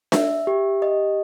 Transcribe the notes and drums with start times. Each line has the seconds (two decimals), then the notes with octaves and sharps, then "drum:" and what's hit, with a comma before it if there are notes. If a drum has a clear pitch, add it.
0.12 E5, drum: snare D4
0.47 G4
0.82 D#5